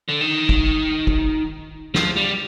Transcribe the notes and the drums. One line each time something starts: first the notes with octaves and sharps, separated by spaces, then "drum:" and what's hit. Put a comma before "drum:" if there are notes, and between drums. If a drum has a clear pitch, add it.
D3
D#3
drum: kick
drum: kick
F3, drum: snare
G3